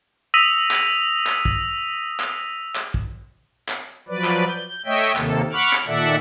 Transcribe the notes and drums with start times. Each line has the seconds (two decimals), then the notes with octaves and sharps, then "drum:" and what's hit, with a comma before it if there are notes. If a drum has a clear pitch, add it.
0.34 D#6 E6 A#6 B6 D#7 F7
0.71 drum: clap
1.27 drum: clap
1.45 drum: kick
2.20 drum: clap
2.76 drum: clap
2.94 drum: kick
3.69 drum: clap
4.08 F3 F#3 B4 D5
4.25 drum: clap
4.48 G6
4.86 A3 C#5 D#5 E5 G5
5.16 D#2 C3 D#3 A#3 A4, drum: clap
5.52 F#5 B5 C#6 D6 F6 F#6
5.73 drum: clap
5.87 A#2 D#3 A4 D5 E5 F#5